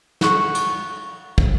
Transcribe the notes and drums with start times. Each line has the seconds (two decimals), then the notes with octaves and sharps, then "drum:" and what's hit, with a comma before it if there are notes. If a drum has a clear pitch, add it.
0.21 F#4 F#5 C#6, drum: snare
0.55 drum: cymbal
1.38 drum: kick